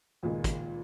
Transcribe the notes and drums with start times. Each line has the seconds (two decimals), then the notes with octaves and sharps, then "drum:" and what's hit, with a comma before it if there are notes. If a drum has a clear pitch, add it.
0.23 C#2 A#2 D#3 G#3
0.44 drum: kick, hi-hat